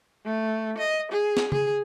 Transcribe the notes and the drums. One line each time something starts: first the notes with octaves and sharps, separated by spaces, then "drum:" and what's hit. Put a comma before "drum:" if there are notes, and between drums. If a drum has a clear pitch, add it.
A3
D#5
G#4
drum: snare
G#4, drum: tom C#3